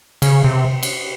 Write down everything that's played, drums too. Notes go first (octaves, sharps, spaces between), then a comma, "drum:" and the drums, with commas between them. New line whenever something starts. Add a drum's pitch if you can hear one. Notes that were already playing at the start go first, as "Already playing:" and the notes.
C#3, drum: cymbal
C3
drum: cymbal